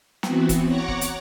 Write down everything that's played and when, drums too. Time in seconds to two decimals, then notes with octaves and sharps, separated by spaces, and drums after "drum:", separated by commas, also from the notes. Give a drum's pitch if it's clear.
0.23 E3 B3 C4 F#4, drum: snare
0.49 drum: kick E1, hi-hat
0.67 C#5 F#5 A#5 C#6 D6
0.88 drum: kick E1
1.01 drum: hi-hat